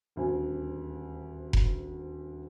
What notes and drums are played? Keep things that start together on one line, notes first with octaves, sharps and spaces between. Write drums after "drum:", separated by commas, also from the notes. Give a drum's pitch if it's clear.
D#1 D2 C5 G#5
drum: kick F1